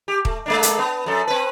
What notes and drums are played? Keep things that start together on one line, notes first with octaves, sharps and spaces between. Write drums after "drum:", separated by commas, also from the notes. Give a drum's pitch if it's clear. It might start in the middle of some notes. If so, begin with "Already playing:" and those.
G4
A3, drum: kick D#1
G#3 A#3 D4
drum: hi-hat
B3
F#2 A4
C4 B4